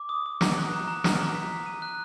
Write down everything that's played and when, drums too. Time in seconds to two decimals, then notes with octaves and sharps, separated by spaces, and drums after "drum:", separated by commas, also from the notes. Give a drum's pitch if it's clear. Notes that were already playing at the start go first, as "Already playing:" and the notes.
Already playing: D6
0.09 D#6
0.26 D#6
0.41 D#6, drum: snare
0.57 F#6
0.73 A#5
0.88 A#5
1.04 F6, drum: snare
1.20 A#5
1.35 B6
1.52 B6
1.66 D#7
1.82 F#6